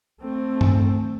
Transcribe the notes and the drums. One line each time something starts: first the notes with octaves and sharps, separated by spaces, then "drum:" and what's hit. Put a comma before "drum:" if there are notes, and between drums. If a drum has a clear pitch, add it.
A3 C4
drum: tom G2